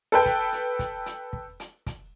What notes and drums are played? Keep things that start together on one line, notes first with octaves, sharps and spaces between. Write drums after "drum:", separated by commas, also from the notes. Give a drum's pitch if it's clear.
A4 B4 G5
drum: kick, hi-hat
drum: hi-hat
drum: kick, hi-hat
drum: hi-hat
drum: kick
drum: hi-hat
drum: kick, hi-hat